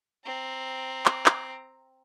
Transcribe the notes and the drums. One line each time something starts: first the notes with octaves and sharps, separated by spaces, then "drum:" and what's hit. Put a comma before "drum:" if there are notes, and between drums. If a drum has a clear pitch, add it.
C4 A#5
drum: clap
drum: clap